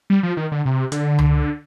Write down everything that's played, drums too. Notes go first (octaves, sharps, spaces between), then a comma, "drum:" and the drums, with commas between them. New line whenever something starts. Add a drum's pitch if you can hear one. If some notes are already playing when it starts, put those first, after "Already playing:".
G3
F3
D#3
D3
C3
D3, drum: hi-hat
drum: tom C#2